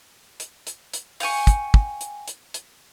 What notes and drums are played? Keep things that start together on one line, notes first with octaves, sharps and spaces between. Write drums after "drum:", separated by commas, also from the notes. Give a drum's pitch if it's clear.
drum: hi-hat
drum: hi-hat
drum: hi-hat
F5 G5 G#5 C#6, drum: open hi-hat
drum: kick, hi-hat
drum: kick
drum: hi-hat
drum: hi-hat
drum: hi-hat